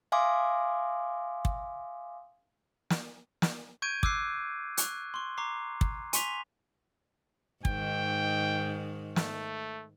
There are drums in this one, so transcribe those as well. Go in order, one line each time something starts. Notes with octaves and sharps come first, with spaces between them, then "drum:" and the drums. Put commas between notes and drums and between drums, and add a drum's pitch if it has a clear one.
E5 F5 G#5 C6 D6 D#6
drum: kick
drum: snare
drum: snare
C#6 G6 G#6 D7 D#7
D6 E6 F#6 C7, drum: kick
C#6 F#6, drum: hi-hat
C6 C#6
A#5 C#6 D6 C7
drum: kick
G#5 C6 C#6 B6 F7, drum: hi-hat
G#2 D#3 G5, drum: kick
A3, drum: snare